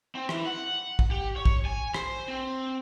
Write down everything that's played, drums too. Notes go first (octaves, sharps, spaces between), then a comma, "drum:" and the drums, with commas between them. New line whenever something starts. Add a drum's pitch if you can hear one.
C4
E3, drum: rim click
F#5
drum: kick
G4
C#5
drum: kick
G#5
C5, drum: rim click
C4